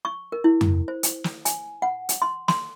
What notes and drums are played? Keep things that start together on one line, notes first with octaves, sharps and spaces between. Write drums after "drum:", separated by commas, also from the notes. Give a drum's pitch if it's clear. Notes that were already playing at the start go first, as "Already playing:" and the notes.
C#6
A#4
E4
drum: tom F2
C5
drum: hi-hat
drum: snare
G#5, drum: hi-hat
F#5
drum: hi-hat
C6
C6, drum: snare